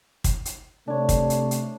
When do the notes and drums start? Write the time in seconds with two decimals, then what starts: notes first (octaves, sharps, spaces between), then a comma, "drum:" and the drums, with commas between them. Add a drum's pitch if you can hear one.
0.24 drum: kick, hi-hat
0.45 drum: hi-hat
0.88 C3 A3 D4 C#5
1.09 drum: kick, hi-hat
1.30 drum: hi-hat
1.51 drum: hi-hat